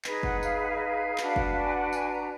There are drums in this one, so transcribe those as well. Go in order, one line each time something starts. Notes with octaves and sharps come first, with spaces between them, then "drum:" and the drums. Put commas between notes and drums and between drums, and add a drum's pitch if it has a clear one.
D#4 G#4 B4 D#5, drum: clap
F#5, drum: kick F#1
F5, drum: tambourine
F#5
F5
D#5
F5
D4 F#4 B4, drum: clap
drum: kick F#1
G#5
F#5
G#5, drum: tambourine
A#5